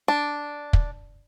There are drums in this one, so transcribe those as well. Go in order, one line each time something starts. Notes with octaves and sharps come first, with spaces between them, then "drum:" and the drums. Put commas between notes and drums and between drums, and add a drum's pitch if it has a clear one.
D4
drum: kick